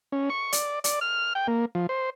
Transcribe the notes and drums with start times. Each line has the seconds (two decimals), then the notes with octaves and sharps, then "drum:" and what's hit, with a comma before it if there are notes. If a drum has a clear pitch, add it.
0.12 C#4
0.30 C#6
0.52 D5, drum: hi-hat
0.84 D5, drum: hi-hat
1.01 F6
1.35 G5
1.48 A#3
1.75 F3
1.89 C5